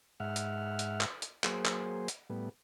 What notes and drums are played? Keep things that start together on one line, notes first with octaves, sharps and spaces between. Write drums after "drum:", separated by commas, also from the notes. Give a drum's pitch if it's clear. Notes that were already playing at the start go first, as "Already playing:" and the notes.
G#2 E5 F#5 F6
drum: hi-hat
drum: hi-hat
drum: clap
drum: hi-hat
F#3 A#3 G#4 C5, drum: clap
drum: clap
drum: hi-hat
A2 G3 B3